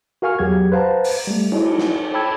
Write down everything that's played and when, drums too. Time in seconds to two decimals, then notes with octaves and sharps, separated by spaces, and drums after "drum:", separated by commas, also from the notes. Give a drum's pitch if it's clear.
0.22 F#4 A#4 F5 G#5 C#6 F6
0.39 E2 F#3 G4 G#4 F#5 G#6
0.72 B4 C5 F5 F#5 A5 A#5
1.04 drum: open hi-hat
1.27 G3 A3
1.52 D#4 E4 F#4, drum: cymbal
1.78 drum: snare
2.14 G5 A5 B5 E6 G#6